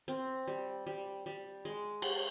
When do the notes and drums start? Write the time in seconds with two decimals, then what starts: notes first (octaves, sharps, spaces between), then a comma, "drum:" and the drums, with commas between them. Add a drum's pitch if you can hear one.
0.08 C4
0.47 G3
0.87 G3
1.26 G3
1.65 G#3
2.02 drum: cymbal